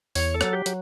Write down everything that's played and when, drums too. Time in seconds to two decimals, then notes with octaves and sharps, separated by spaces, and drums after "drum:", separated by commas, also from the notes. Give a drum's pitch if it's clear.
0.15 E2 C#5, drum: open hi-hat
0.34 A4
0.41 F#3, drum: rim click
0.53 G4
0.66 F#3, drum: hi-hat